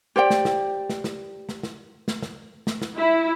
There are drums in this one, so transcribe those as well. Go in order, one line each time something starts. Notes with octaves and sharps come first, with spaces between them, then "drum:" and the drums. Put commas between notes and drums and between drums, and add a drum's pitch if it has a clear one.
G4 C5 D5 G5
drum: snare
drum: snare
drum: snare
drum: snare
drum: snare
drum: snare
drum: snare
drum: snare
drum: snare
drum: snare
E4